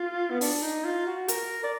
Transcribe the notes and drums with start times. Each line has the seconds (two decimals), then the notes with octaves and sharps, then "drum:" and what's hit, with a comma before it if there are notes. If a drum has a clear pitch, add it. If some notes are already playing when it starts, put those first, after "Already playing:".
Already playing: F4
0.30 B3
0.41 D4, drum: open hi-hat
0.62 D#4
0.85 F4
1.07 F#4
1.28 A#4, drum: hi-hat
1.64 D5